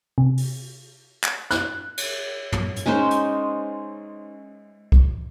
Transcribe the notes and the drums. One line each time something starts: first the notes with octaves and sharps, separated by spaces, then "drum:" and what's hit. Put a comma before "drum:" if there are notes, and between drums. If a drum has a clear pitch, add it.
C3
drum: open hi-hat
drum: clap
F#6, drum: snare
drum: cymbal
drum: tom
drum: hi-hat
G#3 C#4 D#4 C5
drum: hi-hat
drum: kick